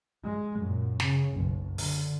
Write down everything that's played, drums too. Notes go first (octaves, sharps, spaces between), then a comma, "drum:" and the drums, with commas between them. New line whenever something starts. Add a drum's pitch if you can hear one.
G#3
F#2 A#2
C#3, drum: snare
F#1 B1
D3, drum: open hi-hat